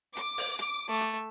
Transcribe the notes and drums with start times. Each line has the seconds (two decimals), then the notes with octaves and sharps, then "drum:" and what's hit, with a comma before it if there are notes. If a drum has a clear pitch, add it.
0.17 D6, drum: hi-hat
0.38 drum: open hi-hat
0.59 drum: hi-hat
0.89 A3
1.01 drum: hi-hat